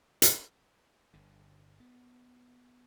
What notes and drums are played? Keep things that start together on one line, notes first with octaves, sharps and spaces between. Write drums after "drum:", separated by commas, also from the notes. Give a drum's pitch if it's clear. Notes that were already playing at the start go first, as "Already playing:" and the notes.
drum: hi-hat
G1 D3
B3